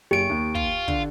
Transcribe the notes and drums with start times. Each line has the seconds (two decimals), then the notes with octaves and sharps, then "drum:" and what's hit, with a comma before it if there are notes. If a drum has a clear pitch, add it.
0.11 F#1 G4 D7
0.30 D#2
0.55 F4, drum: kick
0.88 D3, drum: kick